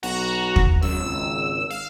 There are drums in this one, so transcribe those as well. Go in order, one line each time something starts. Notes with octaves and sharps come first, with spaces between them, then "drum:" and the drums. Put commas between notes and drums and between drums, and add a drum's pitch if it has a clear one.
B1 F#4 A#5
drum: kick
G#1 F#2 E6
C#2
F5